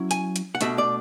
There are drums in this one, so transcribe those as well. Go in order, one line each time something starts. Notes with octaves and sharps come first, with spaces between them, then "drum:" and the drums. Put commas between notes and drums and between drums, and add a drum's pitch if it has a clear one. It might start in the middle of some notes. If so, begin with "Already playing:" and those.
Already playing: F#3 C#4 E4
G#5, drum: hi-hat
drum: hi-hat
F#5
B2 A3 D4 E5, drum: hi-hat
D5